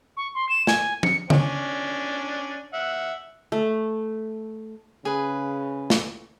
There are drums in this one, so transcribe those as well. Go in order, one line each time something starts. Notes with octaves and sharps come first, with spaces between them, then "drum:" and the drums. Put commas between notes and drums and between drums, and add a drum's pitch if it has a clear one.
C#6
C6
E7
G#5, drum: snare
C#7, drum: tom F3
C#4 D4, drum: tom C#3
E5 F#5
A3
C#3 G#4 B4
drum: snare